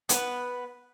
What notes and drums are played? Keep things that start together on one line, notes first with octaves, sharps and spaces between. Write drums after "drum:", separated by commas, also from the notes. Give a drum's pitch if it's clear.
B3 B4, drum: hi-hat